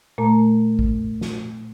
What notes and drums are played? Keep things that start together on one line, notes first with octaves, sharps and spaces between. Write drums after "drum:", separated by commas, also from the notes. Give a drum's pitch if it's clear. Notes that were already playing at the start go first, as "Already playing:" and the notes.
A#2 A3 A#5
drum: kick A1
drum: snare